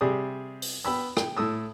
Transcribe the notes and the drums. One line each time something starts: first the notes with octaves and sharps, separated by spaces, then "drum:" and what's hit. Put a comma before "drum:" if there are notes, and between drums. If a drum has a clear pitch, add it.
C3 G3 G4 G#4 D5 D#6
drum: open hi-hat
B3 G5 B5 E6
G5, drum: rim click
A2 A4 D#6 E6